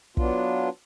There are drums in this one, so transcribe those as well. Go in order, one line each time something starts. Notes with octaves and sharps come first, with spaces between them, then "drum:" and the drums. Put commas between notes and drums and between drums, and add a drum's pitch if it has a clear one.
F#3 B3 D4 F4, drum: kick